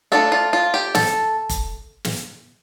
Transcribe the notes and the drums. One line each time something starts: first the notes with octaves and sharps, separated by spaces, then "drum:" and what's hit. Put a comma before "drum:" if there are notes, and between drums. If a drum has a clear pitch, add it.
A3 D4 F4 A4
F4
F4
G4
A4, drum: snare
drum: kick F1, hi-hat
drum: snare